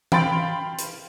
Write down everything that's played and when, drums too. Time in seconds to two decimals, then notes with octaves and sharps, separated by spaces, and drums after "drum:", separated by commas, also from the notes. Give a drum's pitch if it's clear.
0.12 F5 G5 B5 C6 A6 D7, drum: tom E3
0.79 drum: hi-hat